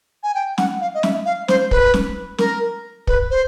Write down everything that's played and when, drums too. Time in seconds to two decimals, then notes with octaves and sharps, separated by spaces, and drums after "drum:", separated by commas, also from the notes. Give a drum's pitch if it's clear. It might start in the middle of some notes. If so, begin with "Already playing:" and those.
0.23 G#5
0.35 G5
0.58 F#5, drum: snare
0.81 F5
0.94 D#5
1.03 E5, drum: snare
1.25 F5
1.48 C5, drum: snare
1.71 B4, drum: kick
1.94 drum: snare
2.38 A#4, drum: snare
3.07 B4, drum: kick
3.30 C5